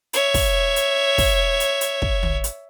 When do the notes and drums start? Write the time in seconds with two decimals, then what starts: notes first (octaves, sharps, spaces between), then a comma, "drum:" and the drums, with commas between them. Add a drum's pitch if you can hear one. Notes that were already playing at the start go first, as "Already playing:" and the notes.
0.13 C#5 E5, drum: hi-hat
0.34 drum: kick, open hi-hat
0.76 drum: hi-hat
1.18 drum: kick, open hi-hat
1.60 drum: hi-hat
1.81 drum: hi-hat
2.02 drum: kick
2.23 drum: tom
2.44 drum: hi-hat